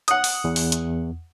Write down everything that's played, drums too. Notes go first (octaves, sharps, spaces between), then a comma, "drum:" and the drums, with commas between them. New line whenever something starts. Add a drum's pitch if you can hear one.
F#5 D#6, drum: hi-hat
drum: open hi-hat
E2
drum: open hi-hat
drum: hi-hat